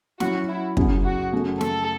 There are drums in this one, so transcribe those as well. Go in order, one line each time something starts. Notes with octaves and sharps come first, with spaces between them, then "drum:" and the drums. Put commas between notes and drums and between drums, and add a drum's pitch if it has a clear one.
F#3 C#4 E4 F#4, drum: snare
E4
F#2 C#3 F#3, drum: kick
F#4
F#2 C#3 F#3 A3
A4, drum: snare